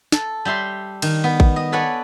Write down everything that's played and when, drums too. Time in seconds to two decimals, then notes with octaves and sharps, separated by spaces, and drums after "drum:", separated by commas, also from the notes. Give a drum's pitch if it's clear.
0.12 A4, drum: snare
0.45 G3 G4 E5 C6
1.02 D#3, drum: cymbal
1.24 B3
1.40 drum: kick A1
1.56 D#5
1.72 A4 B4 C#5 D5 F#5 G#5